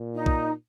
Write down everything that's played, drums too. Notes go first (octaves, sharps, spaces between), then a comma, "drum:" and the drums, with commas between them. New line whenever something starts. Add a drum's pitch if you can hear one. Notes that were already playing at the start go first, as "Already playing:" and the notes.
Already playing: A#2
D#4
drum: kick